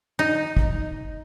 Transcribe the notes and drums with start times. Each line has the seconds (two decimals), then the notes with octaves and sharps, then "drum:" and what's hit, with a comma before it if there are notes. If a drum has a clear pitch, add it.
0.19 D#4
0.57 drum: kick